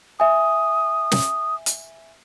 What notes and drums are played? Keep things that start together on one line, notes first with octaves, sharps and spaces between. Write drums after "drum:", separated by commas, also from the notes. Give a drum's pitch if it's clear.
E5 G#5 D#6
drum: snare
drum: hi-hat